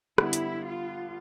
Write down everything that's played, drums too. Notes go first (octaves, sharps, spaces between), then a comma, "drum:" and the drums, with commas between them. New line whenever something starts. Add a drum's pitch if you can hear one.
D3 G3 B3 E4, drum: rim click
drum: hi-hat
F4